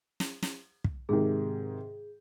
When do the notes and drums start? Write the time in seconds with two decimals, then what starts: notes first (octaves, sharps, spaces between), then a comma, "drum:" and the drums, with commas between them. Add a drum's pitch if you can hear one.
0.20 drum: snare
0.42 drum: snare
0.84 drum: kick
1.09 G#2 C3 D#3 G#4